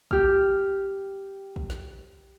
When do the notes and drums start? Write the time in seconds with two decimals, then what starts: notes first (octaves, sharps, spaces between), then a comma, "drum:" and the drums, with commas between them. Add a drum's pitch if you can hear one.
0.11 G4 F6, drum: kick
1.56 drum: kick
1.70 drum: snare